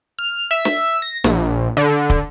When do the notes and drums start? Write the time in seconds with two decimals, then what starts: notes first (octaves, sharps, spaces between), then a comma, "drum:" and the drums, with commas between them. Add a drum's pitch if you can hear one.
0.19 F6
0.51 E5
0.65 drum: snare
1.02 A#6
1.24 A#1, drum: snare
1.77 D3
2.10 drum: kick